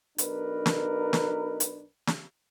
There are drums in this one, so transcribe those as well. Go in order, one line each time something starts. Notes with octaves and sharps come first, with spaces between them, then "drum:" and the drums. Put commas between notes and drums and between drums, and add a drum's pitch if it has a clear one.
B1 D4 D#4 A#4 B4, drum: hi-hat
drum: snare
drum: snare
drum: hi-hat
drum: snare